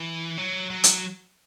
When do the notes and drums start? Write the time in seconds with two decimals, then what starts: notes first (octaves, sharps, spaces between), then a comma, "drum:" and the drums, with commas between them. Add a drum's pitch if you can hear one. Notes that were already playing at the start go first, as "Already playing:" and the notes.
Already playing: E3
0.38 F#3
0.70 F#3
0.84 drum: hi-hat